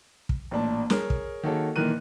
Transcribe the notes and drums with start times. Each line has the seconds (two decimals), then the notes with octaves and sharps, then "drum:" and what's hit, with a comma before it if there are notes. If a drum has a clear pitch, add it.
0.29 drum: kick
0.51 A1 A#2 D4 A5
0.90 G#4 A#4 C#5, drum: snare
1.10 drum: kick
1.43 D#3 A#3 F#4 G#4 A4 C#5
1.76 A#2 D#3 E3 A#4 F#6 D#7